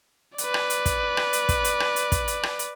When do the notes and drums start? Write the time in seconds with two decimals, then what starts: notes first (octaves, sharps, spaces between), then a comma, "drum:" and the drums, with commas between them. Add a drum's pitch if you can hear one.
0.38 B4 D5, drum: hi-hat
0.54 drum: rim click
0.70 drum: hi-hat
0.86 drum: kick, hi-hat
1.17 drum: rim click
1.33 drum: hi-hat
1.49 drum: kick, hi-hat
1.65 drum: hi-hat
1.80 drum: rim click
1.96 drum: hi-hat
2.12 drum: kick, hi-hat
2.28 drum: hi-hat
2.43 drum: rim click
2.59 drum: hi-hat